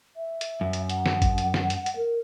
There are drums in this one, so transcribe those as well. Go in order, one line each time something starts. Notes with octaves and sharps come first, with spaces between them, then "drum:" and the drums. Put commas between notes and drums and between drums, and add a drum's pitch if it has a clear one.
E5
drum: hi-hat
F#2
drum: hi-hat
F#5, drum: hi-hat
drum: snare
drum: kick G#1, hi-hat
drum: hi-hat
drum: snare
drum: hi-hat
drum: hi-hat
A#4